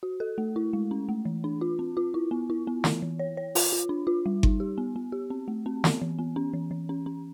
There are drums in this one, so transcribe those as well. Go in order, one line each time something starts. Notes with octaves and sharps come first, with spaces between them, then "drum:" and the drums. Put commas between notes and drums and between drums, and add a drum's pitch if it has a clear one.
F#4
A4
A3
E4
G#3
C#4
A3
E3
D4
F4
C4
F4
E4
B3
E4
B3
E3, drum: snare
E3
C#5
C#5
F4, drum: open hi-hat
F4
D4
F4
G3
D#4, drum: kick G1
G4
B3
B3
G4
C4
A3
C4
B3, drum: snare
E3
B3
C#4
E3
E3
C#4
C#4